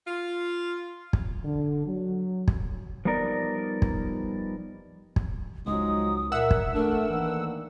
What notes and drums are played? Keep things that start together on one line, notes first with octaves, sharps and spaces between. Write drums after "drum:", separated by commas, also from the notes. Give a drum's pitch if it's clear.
F4
drum: kick
D3
F#3
drum: kick
F3 G3 B3 D#4 A#4 D5
drum: kick
drum: kick
C#2 F3 F#3 G#3 D#4 D#6
A#2 A#4 E5 F#5 E6
drum: kick
A3 D4 A#4
D#3 E3 A#3 D4